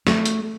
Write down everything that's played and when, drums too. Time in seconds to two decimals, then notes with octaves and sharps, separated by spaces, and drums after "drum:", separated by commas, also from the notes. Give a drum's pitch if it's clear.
0.07 A3, drum: snare
0.26 drum: hi-hat